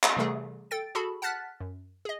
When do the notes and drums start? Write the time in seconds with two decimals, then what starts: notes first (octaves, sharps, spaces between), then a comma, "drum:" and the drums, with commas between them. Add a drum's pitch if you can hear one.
0.03 drum: clap
0.17 C3 E3 G3 A3 G#4 A4
0.71 A4 G5 A6 D7
0.95 F#4 G#4 A4 A5 B5
1.22 F#5 A5 F6 F#6 A6 B6
1.60 F#2
2.05 G#4 D#5